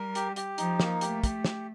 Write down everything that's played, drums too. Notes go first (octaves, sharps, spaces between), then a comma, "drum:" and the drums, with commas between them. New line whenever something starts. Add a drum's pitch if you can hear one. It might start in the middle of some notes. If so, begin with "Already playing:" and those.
Already playing: G3 A#4
G4, drum: hi-hat
G4, drum: hi-hat
F3 D#4, drum: hi-hat
A#3, drum: snare
A3 G4, drum: hi-hat
G4, drum: kick, hi-hat
drum: snare